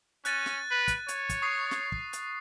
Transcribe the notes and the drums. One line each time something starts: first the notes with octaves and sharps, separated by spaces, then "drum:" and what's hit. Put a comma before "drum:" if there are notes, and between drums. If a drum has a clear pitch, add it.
C#4 F#6 A6 D#7, drum: hi-hat
drum: snare
B4
drum: kick, hi-hat
C#5, drum: hi-hat
drum: kick, hi-hat
C#6 D#6 C7
drum: snare
drum: kick
drum: hi-hat